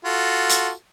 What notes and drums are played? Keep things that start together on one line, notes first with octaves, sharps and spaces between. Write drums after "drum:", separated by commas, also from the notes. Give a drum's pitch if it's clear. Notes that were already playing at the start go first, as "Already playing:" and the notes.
F4 F#4 A4
drum: hi-hat